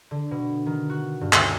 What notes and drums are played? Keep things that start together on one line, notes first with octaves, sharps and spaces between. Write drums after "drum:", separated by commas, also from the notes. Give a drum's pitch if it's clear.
D3
B2
D#3
F#4
G2
D2, drum: clap